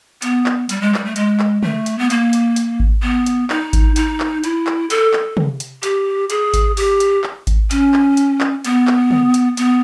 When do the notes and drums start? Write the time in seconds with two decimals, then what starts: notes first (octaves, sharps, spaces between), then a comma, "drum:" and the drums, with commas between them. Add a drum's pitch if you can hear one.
0.22 B3, drum: hi-hat
0.46 drum: clap
0.69 G3, drum: hi-hat
0.82 G#3
0.94 G3, drum: clap
1.05 A3
1.16 G#3, drum: hi-hat
1.40 drum: clap
1.63 A3, drum: tom C#3
1.86 drum: hi-hat
1.99 B3
2.10 A#3, drum: hi-hat
2.33 drum: hi-hat
2.56 drum: hi-hat
2.80 drum: kick G#1
3.02 B3
3.26 drum: hi-hat
3.50 D#4, drum: clap
3.73 drum: kick G#1, hi-hat
3.96 D#4, drum: hi-hat
4.20 drum: clap
4.44 E4, drum: hi-hat
4.67 drum: clap
4.90 A4, drum: hi-hat
5.13 drum: clap
5.37 drum: tom
5.60 drum: hi-hat
5.83 G4, drum: hi-hat
6.30 G#4, drum: hi-hat
6.54 drum: kick G#1, hi-hat
6.77 G4, drum: open hi-hat
7.00 drum: hi-hat
7.24 drum: clap
7.47 drum: kick G#1, hi-hat
7.71 C#4, drum: hi-hat
7.94 drum: clap
8.17 drum: hi-hat
8.41 drum: clap
8.65 B3, drum: hi-hat
8.87 drum: clap
9.11 drum: tom C#3
9.34 drum: hi-hat
9.57 B3, drum: hi-hat